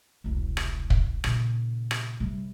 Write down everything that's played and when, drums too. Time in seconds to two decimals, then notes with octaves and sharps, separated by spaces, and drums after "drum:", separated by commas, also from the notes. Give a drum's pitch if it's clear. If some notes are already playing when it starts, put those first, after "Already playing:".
0.24 E1 C2
0.57 drum: rim click
0.90 drum: kick
1.24 A#2 C#3, drum: rim click
1.91 drum: rim click
2.20 C3 G3